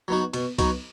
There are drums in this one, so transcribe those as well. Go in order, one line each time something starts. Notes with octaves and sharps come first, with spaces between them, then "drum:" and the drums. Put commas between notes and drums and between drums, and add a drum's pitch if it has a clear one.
F#3 B3 D#4 F#4
B2, drum: cymbal
F#3 B3 D#4 F#4, drum: kick C2, cymbal